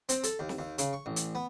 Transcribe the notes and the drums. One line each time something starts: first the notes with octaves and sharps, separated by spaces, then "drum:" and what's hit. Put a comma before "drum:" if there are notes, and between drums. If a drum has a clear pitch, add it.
C4, drum: hi-hat
A4, drum: hi-hat
D#2
drum: snare
D#2
C#3, drum: hi-hat
C#6
A1
drum: hi-hat
B3